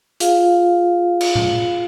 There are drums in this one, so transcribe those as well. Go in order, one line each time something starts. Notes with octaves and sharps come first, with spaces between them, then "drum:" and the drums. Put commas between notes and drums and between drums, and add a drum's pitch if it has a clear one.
F4 G#4 F5, drum: hi-hat
drum: cymbal
drum: tom A2